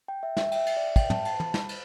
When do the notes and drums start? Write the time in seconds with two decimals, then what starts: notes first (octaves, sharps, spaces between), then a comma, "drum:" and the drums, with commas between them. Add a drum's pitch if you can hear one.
0.08 G5
0.23 E5
0.37 E5, drum: snare
0.52 G5, drum: cymbal
0.56 E5
0.66 drum: cymbal
0.77 D5
0.88 E5
0.96 G5, drum: kick, cymbal
1.10 A5, drum: tom
1.25 A5, drum: cymbal
1.40 B5, drum: tom
1.54 B5, drum: snare
1.69 drum: cymbal